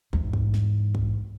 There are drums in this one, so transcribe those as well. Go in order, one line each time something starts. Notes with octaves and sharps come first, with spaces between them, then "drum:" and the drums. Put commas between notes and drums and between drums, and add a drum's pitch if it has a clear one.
E2 G#2, drum: kick
drum: kick
drum: snare
drum: kick